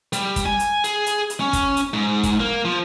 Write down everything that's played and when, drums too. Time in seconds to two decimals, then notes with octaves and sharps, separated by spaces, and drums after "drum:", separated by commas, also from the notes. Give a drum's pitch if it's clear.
0.13 G3, drum: hi-hat
0.36 drum: kick, hi-hat
0.45 G#5
0.59 drum: hi-hat
0.84 G#4, drum: hi-hat
1.06 drum: hi-hat
1.30 drum: hi-hat
1.40 C#4
1.53 drum: kick, hi-hat
1.77 drum: hi-hat
1.93 G#2
2.23 drum: kick, hi-hat
2.40 A#3
2.65 F3